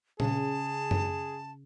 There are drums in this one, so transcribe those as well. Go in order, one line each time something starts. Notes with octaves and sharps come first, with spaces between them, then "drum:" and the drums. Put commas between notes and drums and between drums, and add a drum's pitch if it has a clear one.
C#3 G#4 A5, drum: tom A#2
drum: tom F#2